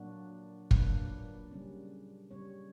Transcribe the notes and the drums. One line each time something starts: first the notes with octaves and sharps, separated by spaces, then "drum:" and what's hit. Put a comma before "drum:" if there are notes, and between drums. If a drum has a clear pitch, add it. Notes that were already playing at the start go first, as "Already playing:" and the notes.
Already playing: A#2 F#3 A#3 D4 F#4
A#2 F#3 A#3 D4 B4, drum: kick
C#3 G3 C#4
C#3 G3 C#4 C#5